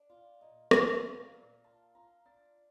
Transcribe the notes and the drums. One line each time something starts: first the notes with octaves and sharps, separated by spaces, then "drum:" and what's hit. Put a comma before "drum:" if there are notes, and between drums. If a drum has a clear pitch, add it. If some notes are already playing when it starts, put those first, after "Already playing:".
Already playing: D4
F4 D5
A#2 D#5
A#2 D#5, drum: rim click
A#2
F5
A#2
F4 A5
F4 A#5
D4 A6